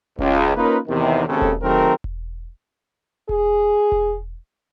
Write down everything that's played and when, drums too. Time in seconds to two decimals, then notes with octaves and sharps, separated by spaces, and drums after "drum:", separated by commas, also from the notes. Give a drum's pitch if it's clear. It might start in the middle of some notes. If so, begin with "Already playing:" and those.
0.19 C#2, drum: kick E1
0.56 A#3 C#4 D#4 F4 A#4 B4
0.88 E2 C3 D#3
1.27 G#1 D#2 C#3 C4 C#4 A4
1.42 drum: kick E1
1.63 D#3 F#3 A3 C4 G#4 A#4
2.04 drum: kick E1
3.29 G#4, drum: kick E1
3.92 drum: kick E1